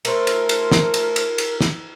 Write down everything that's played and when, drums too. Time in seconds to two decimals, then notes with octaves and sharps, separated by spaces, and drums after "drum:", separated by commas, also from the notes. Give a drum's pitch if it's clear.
0.05 A3 A#4 C5, drum: cymbal
0.27 drum: cymbal
0.49 drum: cymbal
0.72 drum: snare
0.94 drum: cymbal
1.16 drum: cymbal
1.38 drum: cymbal
1.61 drum: snare